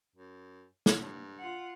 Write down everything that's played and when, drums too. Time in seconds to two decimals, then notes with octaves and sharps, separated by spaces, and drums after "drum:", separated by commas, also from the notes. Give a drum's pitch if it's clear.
0.16 F#2
0.86 drum: snare
0.98 G2
1.39 F4 F#5